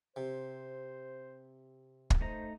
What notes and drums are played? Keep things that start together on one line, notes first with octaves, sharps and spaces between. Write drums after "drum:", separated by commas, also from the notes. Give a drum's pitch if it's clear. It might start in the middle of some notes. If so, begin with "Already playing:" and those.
C3 C5
drum: kick
A3 D#4 C5 A#5